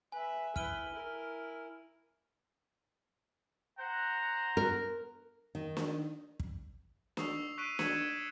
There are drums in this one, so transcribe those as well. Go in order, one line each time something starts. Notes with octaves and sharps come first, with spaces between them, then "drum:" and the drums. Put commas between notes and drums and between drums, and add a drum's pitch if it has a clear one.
B4 E5 G#5
E4 B4 F6 D#7 G7, drum: kick
E4 A#4
C5 F#5 A#5
A#4
D#3
drum: snare
drum: kick
C#6 D#6 E6 C7 F7, drum: snare
C#6 F#6 B6 C7 D7 D#7
E6 G#6 B6 C#7 E7 F#7, drum: snare